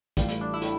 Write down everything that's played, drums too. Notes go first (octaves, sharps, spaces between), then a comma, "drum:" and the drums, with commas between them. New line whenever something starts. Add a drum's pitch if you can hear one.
A1 A2 G3 F4, drum: kick, hi-hat
E4, drum: hi-hat
D4
E4
A2 G3, drum: hi-hat